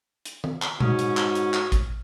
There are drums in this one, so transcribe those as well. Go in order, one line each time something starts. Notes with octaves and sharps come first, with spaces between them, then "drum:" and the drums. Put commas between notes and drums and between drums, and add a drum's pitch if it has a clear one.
drum: hi-hat
drum: tom D#3
drum: clap
G#2 G#3 C#4 F#4 D#6, drum: tom A#2
drum: hi-hat
drum: clap
drum: hi-hat
drum: clap
drum: kick A1, hi-hat